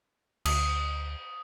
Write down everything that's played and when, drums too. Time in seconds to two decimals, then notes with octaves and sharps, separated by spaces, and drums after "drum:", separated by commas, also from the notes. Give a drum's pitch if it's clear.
0.45 D2 D#6, drum: cymbal